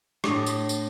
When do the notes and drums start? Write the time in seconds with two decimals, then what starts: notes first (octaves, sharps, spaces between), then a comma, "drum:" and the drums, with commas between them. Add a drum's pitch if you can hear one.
0.24 A2 D4 D#6, drum: rim click
0.46 drum: tambourine
0.69 drum: tambourine